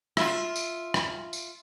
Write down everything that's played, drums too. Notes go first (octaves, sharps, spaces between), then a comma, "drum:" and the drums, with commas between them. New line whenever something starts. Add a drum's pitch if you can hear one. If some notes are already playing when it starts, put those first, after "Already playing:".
F4 E5, drum: rim click
drum: tambourine
drum: rim click
drum: tambourine